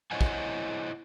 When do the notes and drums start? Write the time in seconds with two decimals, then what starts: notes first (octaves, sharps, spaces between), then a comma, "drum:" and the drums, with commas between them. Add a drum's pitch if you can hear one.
0.11 E4 C5 C#5 D#5 F#5 G#5
0.21 drum: kick